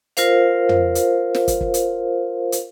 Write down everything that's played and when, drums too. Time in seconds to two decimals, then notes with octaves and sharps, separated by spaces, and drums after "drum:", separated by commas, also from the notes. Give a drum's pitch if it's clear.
0.17 F4 A#4 C5 F5, drum: hi-hat
0.69 drum: tom
0.95 drum: hi-hat
1.34 drum: snare
1.48 drum: kick, hi-hat
1.61 drum: kick
1.74 drum: hi-hat
2.52 drum: hi-hat